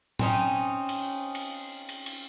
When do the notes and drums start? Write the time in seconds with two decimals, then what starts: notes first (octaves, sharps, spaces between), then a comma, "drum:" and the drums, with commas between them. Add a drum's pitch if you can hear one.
0.19 C4 C#4 D#4, drum: tom A2
0.89 drum: cymbal
1.35 drum: cymbal
1.89 drum: cymbal
2.06 drum: cymbal